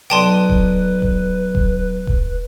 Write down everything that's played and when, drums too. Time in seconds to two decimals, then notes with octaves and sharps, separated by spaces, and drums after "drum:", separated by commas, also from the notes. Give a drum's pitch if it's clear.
0.10 B1 B4 D5 G5 A5 C6 D#6
0.50 drum: kick D#1
1.02 drum: kick D#1
1.55 drum: kick D#1
2.07 drum: kick D#1